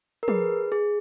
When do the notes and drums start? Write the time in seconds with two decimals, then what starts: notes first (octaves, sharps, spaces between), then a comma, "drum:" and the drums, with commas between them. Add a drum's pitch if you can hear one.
0.23 A#4
0.28 G#4 B4, drum: tom F3
0.72 G#4